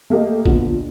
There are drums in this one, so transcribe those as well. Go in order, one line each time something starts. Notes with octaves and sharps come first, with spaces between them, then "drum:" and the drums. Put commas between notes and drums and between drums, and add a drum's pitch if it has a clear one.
A3 A#3 G4 D#5
A#2 D3 B3, drum: kick